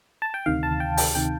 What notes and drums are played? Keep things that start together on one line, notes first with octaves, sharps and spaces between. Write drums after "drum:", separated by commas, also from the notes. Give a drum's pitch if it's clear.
A5
G5
D2 C3 D#3 F5
A5
G5
G5, drum: open hi-hat
C3 D#3 G5